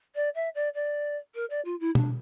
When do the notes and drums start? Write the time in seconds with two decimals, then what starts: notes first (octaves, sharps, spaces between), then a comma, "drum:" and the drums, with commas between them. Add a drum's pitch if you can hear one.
0.15 D5
0.35 E5
0.55 D5
0.74 D5
1.35 A#4
1.50 D5
1.65 F4
1.80 E4
1.95 D4, drum: tom B2